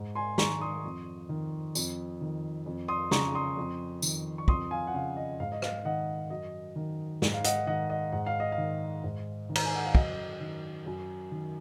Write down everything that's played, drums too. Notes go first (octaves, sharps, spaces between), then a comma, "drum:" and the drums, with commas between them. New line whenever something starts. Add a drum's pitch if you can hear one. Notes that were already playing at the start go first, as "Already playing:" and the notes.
Already playing: G#2
G#5 C6
D#3 A#5 C#6, drum: snare
C6 D#6
F2
D#3
F2, drum: tambourine
D#3
F2
C6 D#6
C#3 A#5 C#6, drum: snare
C6 D#6
F2
D#3, drum: tambourine
C#6
F2 C6 D#6, drum: kick
F5 G#5
F#5
C#3 F5
D#5
G#2 F5
D#5
F5, drum: rim click
D#3 D#5 F#5
F#2 D#5
D#3
G#2, drum: snare
F5
D#5 F#5, drum: hi-hat
D#3 D#5 F#5
D#5 F#5
G#2 F#5
F5
D#5
F5
D#3
G#2
D#3
A#5, drum: cymbal
G#5
F#5
F5
F#2 D#5, drum: kick
D#3
F#2
D#3